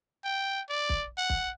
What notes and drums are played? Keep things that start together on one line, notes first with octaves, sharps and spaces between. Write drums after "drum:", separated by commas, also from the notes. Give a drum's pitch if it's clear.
G5
D5
drum: kick
F#5
drum: kick